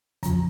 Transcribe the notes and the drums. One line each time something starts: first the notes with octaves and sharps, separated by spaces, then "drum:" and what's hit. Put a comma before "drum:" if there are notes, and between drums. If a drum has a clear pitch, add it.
F2 C#3 F3 A#5, drum: kick, hi-hat